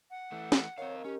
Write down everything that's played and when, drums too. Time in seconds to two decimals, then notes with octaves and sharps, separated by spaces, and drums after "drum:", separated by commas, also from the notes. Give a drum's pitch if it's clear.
0.11 F#5
0.32 E3 A3
0.52 drum: snare
0.78 D#3 C4 C#5 F5
1.05 C#4 G4